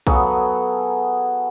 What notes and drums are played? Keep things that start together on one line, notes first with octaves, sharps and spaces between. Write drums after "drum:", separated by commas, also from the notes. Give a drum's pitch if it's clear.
F#3 B3 G#4 A4, drum: kick B1